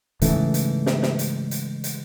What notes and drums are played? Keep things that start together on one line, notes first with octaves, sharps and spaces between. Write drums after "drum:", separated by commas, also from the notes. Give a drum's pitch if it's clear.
G#2 C#3 E3 A3, drum: hi-hat
drum: hi-hat
drum: snare
drum: snare
drum: hi-hat
drum: hi-hat
drum: hi-hat